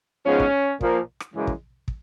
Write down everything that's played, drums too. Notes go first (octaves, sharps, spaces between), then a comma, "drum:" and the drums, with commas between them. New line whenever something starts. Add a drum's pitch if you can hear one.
G#2 F3 G#3 B3 C#4
drum: kick
A#2 F3 A#3, drum: kick
drum: rim click
F#2 C#3 E3 G#3
drum: kick
drum: kick